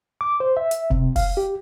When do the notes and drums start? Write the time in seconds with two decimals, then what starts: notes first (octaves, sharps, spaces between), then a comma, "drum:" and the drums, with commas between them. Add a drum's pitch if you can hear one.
0.21 D6
0.40 C5
0.57 E5
0.71 drum: hi-hat
0.90 C3, drum: kick F1
1.16 F5, drum: kick F1, open hi-hat
1.37 G4